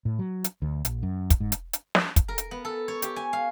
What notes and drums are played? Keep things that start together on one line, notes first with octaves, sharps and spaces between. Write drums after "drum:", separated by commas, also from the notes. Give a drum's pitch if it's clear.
A2
F#3
drum: hi-hat
D2
A#1, drum: hi-hat
F#2
drum: kick, hi-hat
G#2
drum: hi-hat
drum: hi-hat
drum: snare
drum: kick, hi-hat
A#4
drum: hi-hat
B3
A4
C#5
G4, drum: hi-hat
G#5
F5